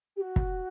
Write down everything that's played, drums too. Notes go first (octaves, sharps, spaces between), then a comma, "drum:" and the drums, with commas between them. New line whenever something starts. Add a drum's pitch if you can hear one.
G4
F#4
drum: kick